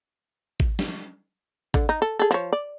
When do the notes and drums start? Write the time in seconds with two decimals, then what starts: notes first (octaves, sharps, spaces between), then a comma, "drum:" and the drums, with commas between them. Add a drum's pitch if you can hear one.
0.60 drum: kick G#1
0.79 drum: snare
1.74 D3, drum: kick G#1
1.89 D#4
2.02 A4
2.19 G#4 A4
2.31 F3 C#5
2.52 D5